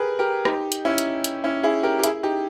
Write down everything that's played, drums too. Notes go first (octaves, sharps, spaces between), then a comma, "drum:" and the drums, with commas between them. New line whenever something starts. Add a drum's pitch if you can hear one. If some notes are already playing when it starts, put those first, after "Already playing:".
Already playing: G4 G#4 A#4 B4
G4 A#4
D#4 G4, drum: rim click
drum: hi-hat
C#4 E4
drum: hi-hat
drum: hi-hat
C#4 E4
E4 G#4
G4 A#4
G4
E4 G#4, drum: hi-hat
D#4 G4